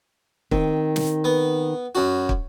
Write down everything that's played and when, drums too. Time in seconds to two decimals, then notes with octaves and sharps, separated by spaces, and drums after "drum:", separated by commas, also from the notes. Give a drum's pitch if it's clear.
0.51 D#3 C4, drum: kick
0.96 drum: snare
1.24 B3
1.95 F#2 F#4
2.29 drum: kick